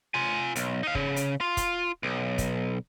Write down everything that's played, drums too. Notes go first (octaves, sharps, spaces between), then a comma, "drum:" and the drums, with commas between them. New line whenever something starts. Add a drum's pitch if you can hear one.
F4 G#5
B1, drum: hi-hat
D#4 F5
C#3, drum: kick
drum: hi-hat
F4
drum: kick, hi-hat
B1
drum: kick, hi-hat